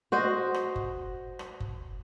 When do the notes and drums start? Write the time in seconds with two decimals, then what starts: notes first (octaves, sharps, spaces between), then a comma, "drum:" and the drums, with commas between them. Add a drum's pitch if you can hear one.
0.12 F#4 C5 D#5
0.54 drum: rim click
0.76 drum: kick F#1
1.39 drum: rim click
1.60 drum: kick F#1